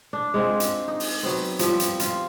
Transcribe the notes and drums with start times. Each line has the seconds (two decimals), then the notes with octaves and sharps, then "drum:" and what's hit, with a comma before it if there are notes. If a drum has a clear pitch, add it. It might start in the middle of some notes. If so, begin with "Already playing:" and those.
0.13 D4
0.34 G#3 C4 F4
0.60 drum: hi-hat
0.88 D#4
1.00 drum: open hi-hat
1.23 F#3 B3 C4
1.59 F3 G3 E5, drum: hi-hat
1.80 drum: hi-hat
2.00 F4, drum: hi-hat